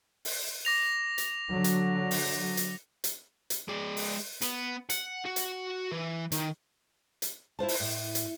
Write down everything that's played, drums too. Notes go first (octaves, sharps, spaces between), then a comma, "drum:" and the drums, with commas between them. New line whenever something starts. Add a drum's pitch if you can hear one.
drum: open hi-hat
D6 A#6 F7
drum: hi-hat
D3 F#3
drum: hi-hat
drum: open hi-hat
drum: hi-hat
drum: hi-hat
drum: hi-hat
G#3 D5
drum: open hi-hat
B3, drum: hi-hat
F#5, drum: hi-hat
F#4
drum: hi-hat
E3
D#3, drum: hi-hat
drum: hi-hat
E4 F4 C5 A5
drum: open hi-hat
A2
drum: hi-hat